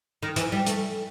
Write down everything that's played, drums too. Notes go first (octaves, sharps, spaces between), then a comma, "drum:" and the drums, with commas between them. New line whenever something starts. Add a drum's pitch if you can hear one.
D#3
E3, drum: hi-hat
G3
A3, drum: hi-hat